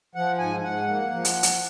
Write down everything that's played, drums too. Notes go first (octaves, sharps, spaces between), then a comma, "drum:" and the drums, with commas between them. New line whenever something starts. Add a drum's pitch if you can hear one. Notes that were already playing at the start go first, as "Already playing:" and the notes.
F3 F#5
G#2 G#5
G#2 F#5
A#3
F3
drum: hi-hat
drum: hi-hat